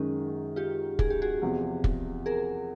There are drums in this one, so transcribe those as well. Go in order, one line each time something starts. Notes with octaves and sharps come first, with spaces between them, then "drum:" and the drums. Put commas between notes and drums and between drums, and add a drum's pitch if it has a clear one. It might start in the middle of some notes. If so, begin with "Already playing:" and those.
Already playing: F#2 D#3 G#3 C#4
F4 G4
G#4, drum: kick
G4
F#4 G#4
E2 C3 F3
drum: kick
G#4 A#4